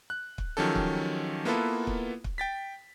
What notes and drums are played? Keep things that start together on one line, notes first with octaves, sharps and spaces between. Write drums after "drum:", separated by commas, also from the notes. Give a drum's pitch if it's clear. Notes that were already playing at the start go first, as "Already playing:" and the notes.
F#6
drum: kick
D#3 F3 F#3 C#4 G4 A4
drum: kick
A#3 B3 E4 F4 A4 B4
drum: kick
drum: kick
G5 A6 B6